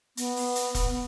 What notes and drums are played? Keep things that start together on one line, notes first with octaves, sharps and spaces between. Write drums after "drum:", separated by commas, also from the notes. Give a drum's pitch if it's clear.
B3, drum: hi-hat
drum: open hi-hat
drum: hi-hat
drum: kick E1, hi-hat